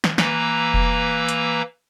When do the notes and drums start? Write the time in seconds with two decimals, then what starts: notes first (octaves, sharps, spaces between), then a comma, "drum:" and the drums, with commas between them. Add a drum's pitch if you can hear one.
0.04 drum: snare
0.18 E3 A#3 B4 A#5 E6, drum: snare
0.74 drum: kick F1
1.29 drum: hi-hat